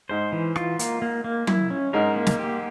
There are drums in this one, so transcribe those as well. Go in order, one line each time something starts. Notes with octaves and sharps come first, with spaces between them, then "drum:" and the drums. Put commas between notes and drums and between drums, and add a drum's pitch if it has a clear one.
G#2 G#3 C5
E3
F4, drum: rim click
A#3, drum: hi-hat
A#3
A#3
E4, drum: tom F#3
C#4
G#2 G#3 A#4
A#3
drum: snare
G4